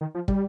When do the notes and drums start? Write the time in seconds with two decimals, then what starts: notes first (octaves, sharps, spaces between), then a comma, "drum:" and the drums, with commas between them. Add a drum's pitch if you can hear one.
0.01 D#3
0.15 F3
0.28 G3, drum: kick